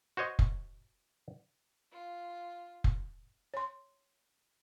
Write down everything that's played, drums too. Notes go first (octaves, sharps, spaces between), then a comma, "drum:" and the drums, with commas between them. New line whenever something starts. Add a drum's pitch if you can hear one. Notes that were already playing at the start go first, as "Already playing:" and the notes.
F#4 C5 C#5 D#5
drum: kick F1
F4
drum: kick F1
C#5 C6